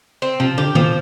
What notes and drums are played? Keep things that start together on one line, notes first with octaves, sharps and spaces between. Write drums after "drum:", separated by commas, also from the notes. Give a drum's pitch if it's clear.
C4
C3 F3
D3 G4
A#2 F3, drum: tom D#3